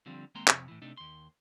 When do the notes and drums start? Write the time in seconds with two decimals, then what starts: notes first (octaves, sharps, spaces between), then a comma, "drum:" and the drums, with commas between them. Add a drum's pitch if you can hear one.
0.06 D3 F3 G3 C4
0.35 D#2 G#3 A#3 C4 A#5 C6
0.48 F2 C3, drum: clap
0.68 A2 E3
0.82 C3 A3 D4 D#4
0.97 D#2 C6